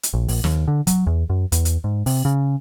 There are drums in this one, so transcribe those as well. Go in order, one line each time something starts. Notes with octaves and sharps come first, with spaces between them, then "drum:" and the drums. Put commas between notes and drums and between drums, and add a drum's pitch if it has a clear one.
drum: hi-hat
A#1
A#1, drum: open hi-hat
D#2, drum: snare
D3
F#3, drum: kick, hi-hat
E2
F#2
E2, drum: hi-hat
drum: hi-hat
G#2
C3, drum: open hi-hat
C#3